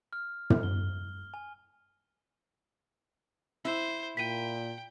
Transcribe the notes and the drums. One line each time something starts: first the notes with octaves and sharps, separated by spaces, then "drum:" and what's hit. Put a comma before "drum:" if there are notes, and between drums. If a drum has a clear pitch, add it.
F6
drum: tom
G7
G#5
E4 C5
A#2 G5 B6 D#7